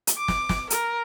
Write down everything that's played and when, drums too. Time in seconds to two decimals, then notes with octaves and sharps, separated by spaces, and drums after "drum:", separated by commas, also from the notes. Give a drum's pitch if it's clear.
0.07 drum: hi-hat
0.18 D6
0.28 drum: snare
0.49 drum: snare
0.70 A#4, drum: hi-hat